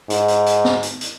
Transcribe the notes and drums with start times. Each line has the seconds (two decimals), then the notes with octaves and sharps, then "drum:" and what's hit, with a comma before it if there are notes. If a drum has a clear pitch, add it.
0.10 G#2, drum: hi-hat
0.28 drum: hi-hat
0.46 drum: hi-hat
0.65 drum: snare
0.83 drum: hi-hat
1.01 drum: hi-hat